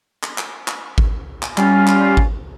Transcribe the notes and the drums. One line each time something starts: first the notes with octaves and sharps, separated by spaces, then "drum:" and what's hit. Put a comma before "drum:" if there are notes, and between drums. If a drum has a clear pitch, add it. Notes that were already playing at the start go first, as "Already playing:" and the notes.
drum: clap
drum: clap
drum: clap
drum: kick G#1
drum: clap
G3 C#4 F4, drum: clap
drum: clap
drum: kick G#1